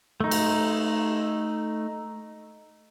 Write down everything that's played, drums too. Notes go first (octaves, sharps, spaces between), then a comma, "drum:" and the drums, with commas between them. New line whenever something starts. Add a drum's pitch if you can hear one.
A3 D#4
drum: cymbal